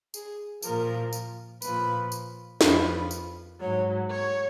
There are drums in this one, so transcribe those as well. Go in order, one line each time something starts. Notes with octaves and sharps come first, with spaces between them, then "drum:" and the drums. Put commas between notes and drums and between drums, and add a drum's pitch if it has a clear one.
G#4, drum: tambourine
A#2 F3 A#4, drum: tambourine
drum: tambourine
A#2 F3 B4, drum: tambourine
drum: tambourine
F2 F3 B4, drum: snare
drum: tambourine
G#2 F#3 C#5
C#5